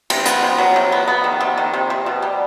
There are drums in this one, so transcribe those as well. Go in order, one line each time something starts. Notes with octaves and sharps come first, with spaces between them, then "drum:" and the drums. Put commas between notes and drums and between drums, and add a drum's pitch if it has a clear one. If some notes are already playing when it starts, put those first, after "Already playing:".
C3, drum: cymbal
B3, drum: hi-hat
C3
F#3
C3
B3
B3
D#3
C3
D#3
C3
C3
B2
G3